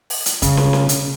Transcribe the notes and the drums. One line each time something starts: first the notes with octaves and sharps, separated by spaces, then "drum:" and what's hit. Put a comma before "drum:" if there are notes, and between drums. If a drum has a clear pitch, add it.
drum: open hi-hat
drum: hi-hat
C#3, drum: kick, hi-hat
drum: snare
drum: snare
drum: hi-hat